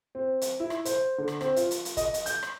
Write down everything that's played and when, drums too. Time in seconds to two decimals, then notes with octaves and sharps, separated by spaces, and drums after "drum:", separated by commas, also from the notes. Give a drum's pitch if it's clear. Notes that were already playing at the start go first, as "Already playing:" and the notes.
0.15 C4
0.41 drum: hi-hat
0.60 E4
0.70 drum: rim click
0.85 C5, drum: hi-hat
1.18 D3
1.28 drum: rim click
1.41 C4, drum: rim click
1.56 F4, drum: hi-hat
1.71 drum: hi-hat
1.85 drum: hi-hat
1.97 D#5, drum: kick, hi-hat
2.14 drum: hi-hat
2.26 G6, drum: hi-hat
2.43 drum: rim click